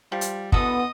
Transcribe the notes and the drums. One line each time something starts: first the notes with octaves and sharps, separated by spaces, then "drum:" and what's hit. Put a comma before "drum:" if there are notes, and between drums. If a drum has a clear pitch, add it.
F3 G3
drum: hi-hat
D3 E3 B3 F#4 A4 D#5 D#6, drum: kick